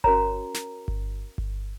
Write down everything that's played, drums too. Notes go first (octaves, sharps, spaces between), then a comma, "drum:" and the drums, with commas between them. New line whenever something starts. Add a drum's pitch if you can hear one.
C#4 F#4 A#4 C#5 A#5, drum: kick G1
drum: snare
drum: kick G1
drum: kick G1